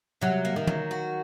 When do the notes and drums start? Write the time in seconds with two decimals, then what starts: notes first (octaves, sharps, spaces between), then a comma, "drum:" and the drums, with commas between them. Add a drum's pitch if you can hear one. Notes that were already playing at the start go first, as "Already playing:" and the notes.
0.21 C3 F#3
0.45 A#3
0.56 D#3
0.67 F#3, drum: tom
0.91 F#4